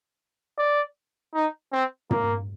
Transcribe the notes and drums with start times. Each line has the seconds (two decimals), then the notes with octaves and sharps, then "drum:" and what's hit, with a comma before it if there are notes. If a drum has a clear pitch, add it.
0.58 D5
1.34 D#4
1.72 C4
2.11 A#3, drum: tom